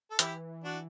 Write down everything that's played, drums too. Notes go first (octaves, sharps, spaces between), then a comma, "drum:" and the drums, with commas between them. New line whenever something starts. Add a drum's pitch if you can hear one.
A4
E3 E4 G4, drum: hi-hat
D4 F#4